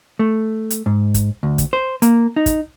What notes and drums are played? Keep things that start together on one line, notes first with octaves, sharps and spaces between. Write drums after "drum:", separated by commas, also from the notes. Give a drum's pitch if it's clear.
A3
drum: hi-hat
G#2
drum: kick, hi-hat
D2
drum: kick, hi-hat
C5
A#3, drum: hi-hat
D#4
drum: kick, hi-hat